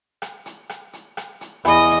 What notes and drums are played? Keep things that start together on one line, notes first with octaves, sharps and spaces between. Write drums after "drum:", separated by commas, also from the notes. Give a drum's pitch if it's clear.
drum: rim click
drum: hi-hat
drum: rim click
drum: hi-hat
drum: rim click
drum: hi-hat
E2 E4 D#5 F#5 G#5, drum: rim click